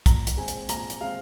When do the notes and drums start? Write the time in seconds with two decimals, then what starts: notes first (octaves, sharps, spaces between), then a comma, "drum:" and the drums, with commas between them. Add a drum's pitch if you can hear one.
0.06 A#2 A#5, drum: kick, hi-hat
0.27 drum: hi-hat
0.37 G#3 C4 G#5
0.48 drum: hi-hat
0.69 A#2 A#5, drum: hi-hat
0.90 drum: hi-hat
1.01 G#3 C4 F5